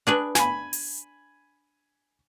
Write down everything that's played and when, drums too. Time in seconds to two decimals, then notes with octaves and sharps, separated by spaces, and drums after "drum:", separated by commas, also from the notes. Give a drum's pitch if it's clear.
0.07 D4 G#4 B4
0.35 G#5 B5, drum: snare
0.73 drum: open hi-hat